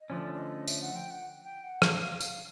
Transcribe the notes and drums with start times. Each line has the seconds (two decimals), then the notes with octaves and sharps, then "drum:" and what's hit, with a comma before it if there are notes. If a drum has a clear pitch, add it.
0.01 D#5
0.09 D3 F3 A3 C#4 D5
0.34 D5
0.39 D#5
0.67 E5, drum: tambourine
0.82 F#5
0.95 G5
1.11 F#5
1.44 G5
1.64 F#5
1.82 F5, drum: rim click
2.02 F5
2.20 F5, drum: tambourine